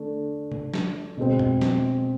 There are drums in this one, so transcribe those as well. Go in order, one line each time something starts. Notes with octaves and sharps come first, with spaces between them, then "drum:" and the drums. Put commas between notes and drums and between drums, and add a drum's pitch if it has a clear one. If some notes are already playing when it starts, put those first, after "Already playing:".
Already playing: D3 A3 D4
drum: tom C3
drum: snare
B2 G#3 C4
drum: tom F2
drum: snare